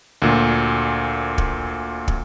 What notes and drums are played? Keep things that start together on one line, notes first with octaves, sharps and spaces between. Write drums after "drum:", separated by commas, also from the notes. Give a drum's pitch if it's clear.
D2 A#2
drum: kick
drum: kick